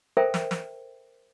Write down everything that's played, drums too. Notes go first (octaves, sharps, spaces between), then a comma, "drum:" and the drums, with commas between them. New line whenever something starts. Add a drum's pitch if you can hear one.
A4 A#4 C5 E5 G5
drum: snare
drum: snare